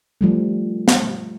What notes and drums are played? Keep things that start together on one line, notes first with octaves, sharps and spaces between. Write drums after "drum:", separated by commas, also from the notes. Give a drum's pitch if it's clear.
F3 G3 A3
drum: snare